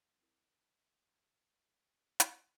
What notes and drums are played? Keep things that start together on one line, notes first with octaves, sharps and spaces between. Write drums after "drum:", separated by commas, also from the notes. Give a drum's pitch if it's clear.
C4 E4 A#4
drum: hi-hat